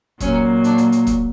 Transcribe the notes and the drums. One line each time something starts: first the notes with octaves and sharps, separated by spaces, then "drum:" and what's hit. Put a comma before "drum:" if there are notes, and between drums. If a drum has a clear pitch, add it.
A#2 F#3 A#3 C#4, drum: kick, hi-hat
D4, drum: hi-hat
drum: hi-hat
drum: hi-hat
drum: kick, hi-hat